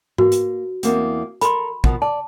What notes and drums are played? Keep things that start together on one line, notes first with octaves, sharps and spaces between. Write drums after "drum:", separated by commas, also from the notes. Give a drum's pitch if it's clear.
A#3 F#4 B4, drum: tom G#2
drum: hi-hat
E2 A#3 C4, drum: hi-hat
A4 A#4 B5 C6, drum: hi-hat
B2 D#3 F3, drum: kick
D5 A5